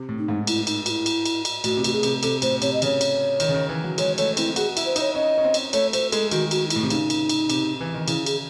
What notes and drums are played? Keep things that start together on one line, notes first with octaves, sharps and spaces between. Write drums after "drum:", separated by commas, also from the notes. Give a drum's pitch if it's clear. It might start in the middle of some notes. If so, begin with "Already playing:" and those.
Already playing: C3
A2
D#4
G#2
E4, drum: cymbal
D#4, drum: cymbal
F#4, drum: cymbal
E4
drum: cymbal
drum: cymbal
drum: cymbal
A2 F#4, drum: cymbal
C3
A2 F#4, drum: cymbal
G#4
C3, drum: cymbal
C3 A4, drum: cymbal
A2 C5, drum: cymbal
C3 C#5, drum: cymbal
D#5
C#3 C#5, drum: cymbal
drum: cymbal
D#3, drum: cymbal
C#3
D#3
E3
F#3
G#3 C#5, drum: cymbal
A3 C#5, drum: cymbal
C4 E4, drum: cymbal
F#4 G#4, drum: cymbal
E4, drum: cymbal
C5
D#4 C#5, drum: cymbal
C#4 D#5
C#4
C4
drum: cymbal
A3 C#5, drum: cymbal
A3 C5, drum: cymbal
G#3 A4, drum: cymbal
D#3 F#4, drum: cymbal
F#4, drum: cymbal
D#4
E4, drum: cymbal
A2
C3
C#3 D#4, drum: cymbal
drum: cymbal
drum: cymbal
C3, drum: cymbal
E3
D#3
C#3 E4, drum: cymbal
G#4, drum: cymbal